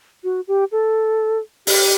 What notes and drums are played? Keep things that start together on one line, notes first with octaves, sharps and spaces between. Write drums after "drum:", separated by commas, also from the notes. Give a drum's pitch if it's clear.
F#4
G4
A4
G4, drum: open hi-hat